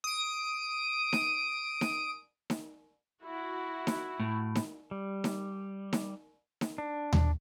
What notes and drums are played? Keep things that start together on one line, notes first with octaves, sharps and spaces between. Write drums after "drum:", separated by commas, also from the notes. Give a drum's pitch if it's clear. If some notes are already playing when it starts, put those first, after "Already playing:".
D#6 D7
drum: snare D#4
drum: snare D#4
drum: snare D#4
E4 F#4
drum: snare D#4
A2
drum: snare D#4
G3
drum: snare D#4
drum: snare D#4
drum: snare D#4
D4
drum: tom D#2